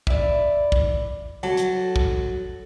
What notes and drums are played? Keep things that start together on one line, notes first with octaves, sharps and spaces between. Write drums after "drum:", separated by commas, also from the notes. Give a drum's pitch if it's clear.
E4 D5, drum: kick
drum: kick
F#3 A4
drum: hi-hat
drum: kick